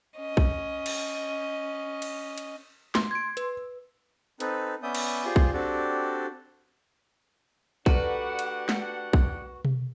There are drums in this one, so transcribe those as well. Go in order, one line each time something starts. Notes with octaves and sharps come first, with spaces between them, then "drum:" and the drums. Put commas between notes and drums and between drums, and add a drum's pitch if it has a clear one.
C#4 D#5
drum: kick B1
drum: cymbal
drum: cymbal
drum: hi-hat
C6, drum: snare
G#6 D7
B4, drum: hi-hat
C4 D#4 A4 B4, drum: hi-hat
B3 C#4 D5 E5 D#6 G6
drum: cymbal
F4 G4 G#4 C5 D5
drum: kick B1
C4 D4 F#4 G4 A4 D5
A3 D4 F#4 G4 A#4 B4 D5 F#5, drum: kick B1
drum: hi-hat
drum: snare
drum: kick B1
drum: tom B2